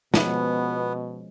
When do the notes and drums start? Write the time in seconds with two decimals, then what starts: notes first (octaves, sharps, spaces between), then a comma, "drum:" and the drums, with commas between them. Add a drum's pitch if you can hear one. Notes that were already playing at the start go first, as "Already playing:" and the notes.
0.14 B2 F3 G#3 B3 C#4, drum: snare